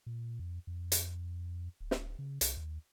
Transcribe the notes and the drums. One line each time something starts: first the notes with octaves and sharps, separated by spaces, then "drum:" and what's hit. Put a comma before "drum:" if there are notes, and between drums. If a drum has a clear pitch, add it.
A#2
F2
F2
drum: hi-hat
D1
drum: snare
C#3
C2, drum: hi-hat
D#2